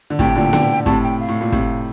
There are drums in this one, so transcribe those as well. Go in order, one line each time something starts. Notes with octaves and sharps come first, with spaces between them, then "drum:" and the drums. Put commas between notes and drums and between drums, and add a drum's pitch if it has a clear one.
D3
A2 C3 G5, drum: kick
A#2 D3
A#2 D3, drum: snare B3
A2 C3 A5, drum: kick
G5
F5
A2
A#2
A2 C3, drum: kick